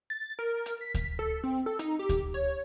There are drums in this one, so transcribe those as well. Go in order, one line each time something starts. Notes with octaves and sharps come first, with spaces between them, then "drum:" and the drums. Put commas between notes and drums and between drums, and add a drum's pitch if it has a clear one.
A6
A#4
drum: hi-hat
B6
drum: kick D2, hi-hat
A4
C4
A4
D#4, drum: hi-hat
G4
drum: kick D2, hi-hat
C#5